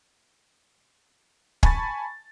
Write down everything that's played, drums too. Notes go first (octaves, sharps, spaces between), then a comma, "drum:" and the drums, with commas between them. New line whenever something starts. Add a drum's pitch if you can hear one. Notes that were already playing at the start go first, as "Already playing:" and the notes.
G#5 A5 B5 C#6 A6, drum: kick